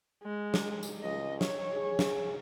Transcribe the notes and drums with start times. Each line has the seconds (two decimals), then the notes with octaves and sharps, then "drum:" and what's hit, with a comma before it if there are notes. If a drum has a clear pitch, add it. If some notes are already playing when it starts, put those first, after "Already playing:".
0.23 G#3
0.54 drum: snare
0.83 drum: tambourine
1.03 C#2 D#5
1.41 C#5, drum: snare
1.73 G#4
1.99 drum: snare